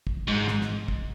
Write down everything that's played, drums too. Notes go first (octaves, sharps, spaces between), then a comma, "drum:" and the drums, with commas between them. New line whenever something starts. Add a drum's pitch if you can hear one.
drum: kick
G#2
drum: snare
drum: snare
drum: kick